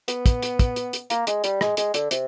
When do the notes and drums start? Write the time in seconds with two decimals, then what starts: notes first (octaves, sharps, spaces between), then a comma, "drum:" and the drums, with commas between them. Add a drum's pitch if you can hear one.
0.08 B3, drum: hi-hat
0.26 drum: kick, hi-hat
0.43 drum: hi-hat
0.59 drum: kick, hi-hat
0.76 drum: hi-hat
0.93 drum: hi-hat
1.10 A#3, drum: hi-hat
1.27 G#3, drum: hi-hat
1.44 G3, drum: hi-hat
1.61 G#3, drum: rim click
1.77 G#3, drum: hi-hat
1.94 D3, drum: hi-hat
2.11 C3, drum: hi-hat